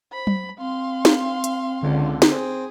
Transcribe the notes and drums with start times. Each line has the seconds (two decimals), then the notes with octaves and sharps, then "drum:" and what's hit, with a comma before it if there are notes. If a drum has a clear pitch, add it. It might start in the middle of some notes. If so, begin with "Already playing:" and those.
0.13 C5 B5
0.27 drum: tom F#3
0.59 C4 F5 C6
1.05 drum: snare
1.44 drum: hi-hat
1.83 C#2 D3
2.22 drum: snare
2.31 C4 G#4